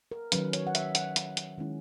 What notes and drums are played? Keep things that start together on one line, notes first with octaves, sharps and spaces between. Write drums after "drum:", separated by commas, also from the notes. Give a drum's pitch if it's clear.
A#4
D#3 F#3 C#4 B4, drum: hi-hat
C#5, drum: hi-hat
F#5
E5, drum: hi-hat
F#5, drum: hi-hat
drum: hi-hat
drum: hi-hat
D#3 G#3 C#4 E4